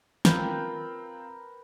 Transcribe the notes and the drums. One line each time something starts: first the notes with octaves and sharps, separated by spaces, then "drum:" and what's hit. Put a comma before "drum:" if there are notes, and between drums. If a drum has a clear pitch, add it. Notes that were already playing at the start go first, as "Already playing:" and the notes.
C4 F4 A#4 B4 G5, drum: snare